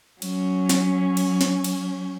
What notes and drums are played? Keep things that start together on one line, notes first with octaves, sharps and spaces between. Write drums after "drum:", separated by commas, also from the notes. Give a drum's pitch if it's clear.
F#3 C#4, drum: cymbal
drum: snare
drum: cymbal
drum: snare
drum: cymbal